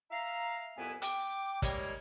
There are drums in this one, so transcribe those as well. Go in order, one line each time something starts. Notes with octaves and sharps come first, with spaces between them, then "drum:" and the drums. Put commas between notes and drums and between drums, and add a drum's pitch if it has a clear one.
E5 F5 A#5
C2 F2 B3 E4 B4 G#5
G5 D6, drum: hi-hat
D#2 G3 G#3 A#3 G#4 C#5, drum: kick, hi-hat